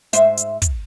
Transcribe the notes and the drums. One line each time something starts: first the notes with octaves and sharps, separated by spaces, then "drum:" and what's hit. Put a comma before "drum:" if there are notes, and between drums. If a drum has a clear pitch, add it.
G#2 C5 E5, drum: hi-hat
drum: hi-hat
drum: kick, hi-hat